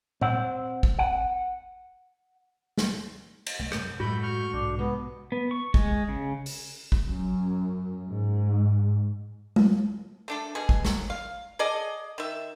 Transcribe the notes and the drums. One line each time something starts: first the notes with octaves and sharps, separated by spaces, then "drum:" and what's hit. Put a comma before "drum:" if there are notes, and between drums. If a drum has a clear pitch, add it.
C4 F#5, drum: tom A#2
drum: kick
F#5
drum: snare
drum: cymbal
C2 A3
F#2 C3 A3 G6, drum: rim click
F#2 A2 G#3 F#4 A4 B5 G6
C#6 F6 G6
B1 G#2 D4
C3 G#3 B3
B3
C#6
G#3, drum: kick
C#3
drum: open hi-hat
drum: kick
F#2
G#2
drum: tom G#3
A3 D4 A4
B2 G#4
drum: kick
F#3, drum: snare
F5
G#4 A4 D5 D#5
D#3 E5